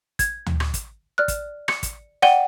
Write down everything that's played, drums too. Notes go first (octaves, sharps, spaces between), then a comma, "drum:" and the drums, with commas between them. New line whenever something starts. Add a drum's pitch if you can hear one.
G#6, drum: kick, hi-hat
drum: tom D2
drum: rim click
drum: kick, hi-hat
D5 F6 F#6
drum: kick, hi-hat
C#7, drum: rim click
drum: kick, hi-hat
D5 F#5 G5 D#7 G7, drum: rim click